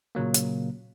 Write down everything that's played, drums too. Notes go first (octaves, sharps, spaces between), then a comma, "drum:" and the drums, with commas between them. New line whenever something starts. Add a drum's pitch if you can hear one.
A#2 C#3 F#3 A#3
drum: hi-hat